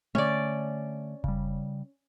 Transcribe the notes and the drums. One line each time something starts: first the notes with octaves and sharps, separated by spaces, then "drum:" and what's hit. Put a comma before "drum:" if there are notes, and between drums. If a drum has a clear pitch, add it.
D3 A3 C#4 D5
C#3 G3, drum: kick F1